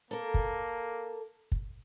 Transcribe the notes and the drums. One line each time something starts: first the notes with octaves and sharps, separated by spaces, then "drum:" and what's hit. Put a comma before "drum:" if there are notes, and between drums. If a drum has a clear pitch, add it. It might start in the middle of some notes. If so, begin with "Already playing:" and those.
A#3 A4 A#4
drum: kick
drum: kick